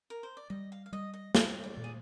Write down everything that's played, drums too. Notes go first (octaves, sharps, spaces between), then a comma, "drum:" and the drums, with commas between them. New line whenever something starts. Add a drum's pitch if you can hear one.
A#4
C5
D5
G3 D#5
F5
F5
G3 D#5
D#5
G3 D#5, drum: snare
D5
A#2
G#4